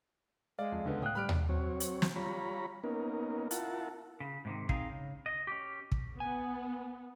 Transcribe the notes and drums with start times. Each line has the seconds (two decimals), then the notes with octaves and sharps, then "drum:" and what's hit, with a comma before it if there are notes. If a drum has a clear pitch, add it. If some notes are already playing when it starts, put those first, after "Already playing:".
0.59 G#3 D5 F5
0.72 F2
0.86 C#2 D3 B3
1.02 A2 F5 G5 D#6 F#6
1.15 G3 B5 F6 D7
1.29 drum: tom D#2
1.49 F#3 C4 C#5
1.80 drum: hi-hat
2.02 drum: snare
2.16 G3 F4 C#5 A#5 B5
2.84 A#3 B3 C#4 D#4 A#4
3.51 E4 F4 A#4 F#5 A5, drum: hi-hat
4.20 C#3
4.45 G#2 C3 D#3
4.69 C4 D#4 G#4 F5, drum: kick
4.90 C#3
5.26 D#5
5.47 C#4 G4
5.92 drum: kick
6.20 B3 G#5